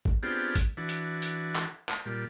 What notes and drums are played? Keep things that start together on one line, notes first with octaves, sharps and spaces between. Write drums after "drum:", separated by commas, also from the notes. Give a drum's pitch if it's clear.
drum: kick G1
B3 C4 D4 F4 G4 G#4
drum: kick G1, hi-hat
E3 D4 F#4
drum: hi-hat
drum: hi-hat
drum: clap
drum: clap
A#2 G3